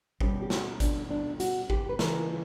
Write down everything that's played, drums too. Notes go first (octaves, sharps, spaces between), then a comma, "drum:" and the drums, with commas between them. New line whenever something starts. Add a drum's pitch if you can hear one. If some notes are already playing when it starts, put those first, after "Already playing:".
B2 G3 C#4 G4, drum: kick G#1
G4
F#4, drum: snare
D4, drum: kick G#1, hi-hat
D4
F#4, drum: hi-hat
G4, drum: kick G#1
B4
C#3 E3 A#3 A#4, drum: snare